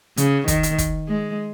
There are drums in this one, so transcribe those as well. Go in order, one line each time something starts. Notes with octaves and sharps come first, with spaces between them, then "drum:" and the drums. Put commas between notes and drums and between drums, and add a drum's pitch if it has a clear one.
C#3, drum: hi-hat
D#3, drum: kick, hi-hat
drum: hi-hat
drum: kick, hi-hat
G#3